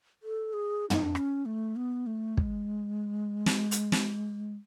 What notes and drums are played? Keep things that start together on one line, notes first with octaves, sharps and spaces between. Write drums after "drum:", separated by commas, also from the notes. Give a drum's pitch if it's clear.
A4
G#4
D#4, drum: tom
D4
C#4, drum: rim click
A3
B3
A3
G#3, drum: kick
drum: snare
drum: hi-hat
drum: snare